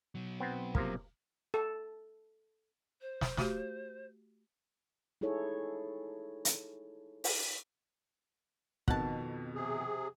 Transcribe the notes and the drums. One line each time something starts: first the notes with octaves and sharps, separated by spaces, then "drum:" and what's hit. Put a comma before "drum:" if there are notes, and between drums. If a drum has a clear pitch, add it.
B2 F#3
B3 C4
C3 F3 A#3, drum: kick
A4
C5
drum: snare
A3 F#4 G4, drum: snare
D#4 E4 G#4 A4 C#5
drum: hi-hat
drum: open hi-hat
F2 B2 D#3 F#5 A5, drum: kick
C3 G#4